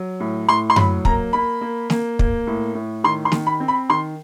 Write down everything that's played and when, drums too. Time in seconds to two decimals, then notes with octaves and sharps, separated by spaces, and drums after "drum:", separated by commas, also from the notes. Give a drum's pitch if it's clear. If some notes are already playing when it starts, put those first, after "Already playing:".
Already playing: F#3
0.20 A2
0.48 A2 C6
0.70 C6
0.76 F#3 B5, drum: tom F#2
1.05 A#3 A#5, drum: kick
1.33 A#3 B5
1.61 A#3
1.90 A#3, drum: snare
2.19 A#3, drum: kick
2.47 A2
2.75 A2
3.04 D#3 C6
3.25 C6
3.32 D#3, drum: snare
3.47 B5
3.60 C4
3.68 B5
3.90 D#3 C6